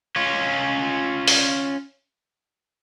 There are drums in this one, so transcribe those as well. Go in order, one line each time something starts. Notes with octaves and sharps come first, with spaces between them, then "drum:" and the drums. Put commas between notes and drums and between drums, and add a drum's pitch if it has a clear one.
C#4 F4
drum: open hi-hat